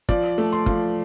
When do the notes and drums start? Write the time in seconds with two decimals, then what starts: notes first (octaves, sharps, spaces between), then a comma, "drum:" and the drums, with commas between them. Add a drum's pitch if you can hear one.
0.09 F3 D5, drum: kick
0.38 A3
0.53 C6
0.66 F3, drum: kick